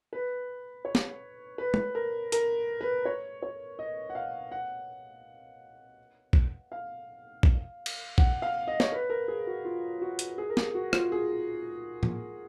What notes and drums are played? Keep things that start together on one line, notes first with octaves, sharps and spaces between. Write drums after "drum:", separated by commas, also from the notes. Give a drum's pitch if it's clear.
B4
C#5
drum: snare
B4
drum: tom
A#4
A#4, drum: hi-hat
B4
C#5
C#5
D#5
F#5
F5
F#5
drum: kick A#1
F5
drum: kick A#1
drum: cymbal
F#5, drum: kick A#1
F5
D#5
C#5, drum: snare
B4
A#4
G#4
F#4
F4
F#4
drum: hi-hat
G#4
A#4
G#4, drum: snare
F#4
F4, drum: rim click
G#4
drum: tom